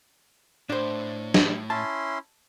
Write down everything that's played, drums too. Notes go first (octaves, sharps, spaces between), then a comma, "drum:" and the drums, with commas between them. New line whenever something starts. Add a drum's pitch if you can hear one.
A2 D4 C5
drum: snare
C#4 E4 A5 C6